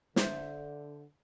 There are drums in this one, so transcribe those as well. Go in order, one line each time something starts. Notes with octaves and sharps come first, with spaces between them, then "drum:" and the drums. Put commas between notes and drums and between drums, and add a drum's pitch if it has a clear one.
D3 C5 E5, drum: snare